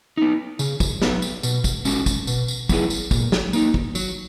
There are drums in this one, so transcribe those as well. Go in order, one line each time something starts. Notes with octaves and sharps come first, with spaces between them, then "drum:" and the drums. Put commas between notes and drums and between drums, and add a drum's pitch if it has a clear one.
B3 D#4
C#3, drum: tambourine
drum: kick, tambourine
F#3 B3, drum: snare
drum: tambourine
B2, drum: tambourine
drum: kick, tambourine
G#3 C#4 F#4, drum: tambourine
drum: kick, tambourine
B2, drum: tambourine
drum: tambourine
F#3 B3 E4 G#4, drum: kick, tambourine
drum: tambourine
A#2, drum: kick, tambourine
drum: snare
A#3 D#4, drum: tambourine
drum: kick
F#3, drum: tambourine